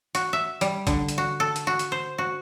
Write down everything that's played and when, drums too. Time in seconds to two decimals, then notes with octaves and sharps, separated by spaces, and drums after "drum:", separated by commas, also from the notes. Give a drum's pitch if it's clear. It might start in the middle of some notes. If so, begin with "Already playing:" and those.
0.15 F#4, drum: hi-hat
0.33 E5
0.61 G3, drum: hi-hat
0.87 D3, drum: kick A#1, hi-hat
1.09 drum: hi-hat
1.18 F#4
1.40 A4
1.56 drum: hi-hat
1.67 F#4
1.79 drum: hi-hat
1.92 C5
2.18 F#4